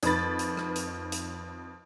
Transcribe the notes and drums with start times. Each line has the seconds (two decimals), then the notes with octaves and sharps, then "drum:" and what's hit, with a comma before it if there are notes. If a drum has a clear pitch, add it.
0.03 F2 D#3 B4 B5 A6, drum: hi-hat
0.39 drum: hi-hat
0.57 drum: rim click
0.76 drum: hi-hat
1.12 drum: hi-hat